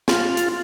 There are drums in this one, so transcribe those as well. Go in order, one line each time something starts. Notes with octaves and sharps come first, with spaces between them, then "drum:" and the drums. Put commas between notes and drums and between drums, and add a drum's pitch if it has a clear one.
F4, drum: snare
drum: hi-hat